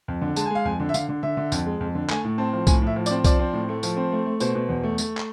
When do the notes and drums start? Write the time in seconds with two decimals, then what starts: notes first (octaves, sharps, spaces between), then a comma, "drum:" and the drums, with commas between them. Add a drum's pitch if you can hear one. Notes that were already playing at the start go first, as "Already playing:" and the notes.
0.08 F2
0.22 D3
0.36 G#3 A5, drum: tambourine
0.46 G#5
0.50 G#3 F5
0.65 F2 G#5
0.80 D3
0.89 E5
0.94 D3 F5, drum: tambourine
1.09 D3
1.23 D3 E5
1.37 D3
1.52 F2, drum: tambourine
1.66 G#3
1.81 F2
1.95 D3
2.10 A3 G#5, drum: clap
2.24 A2
2.38 C4 A5
2.53 F3
2.67 A2 G#5, drum: kick C2, tambourine
2.82 A2 E5
2.96 F3
3.06 D5, drum: tambourine
3.11 C4
3.24 F3 D5, drum: kick C2, tambourine
3.39 C4
3.53 A2
3.69 A3
3.83 F3, drum: tambourine
3.97 C4
4.12 A3
4.26 A3
4.40 B2 C5, drum: tambourine
4.55 B2
4.69 E2
4.83 A3
4.98 A3, drum: tambourine
5.17 drum: clap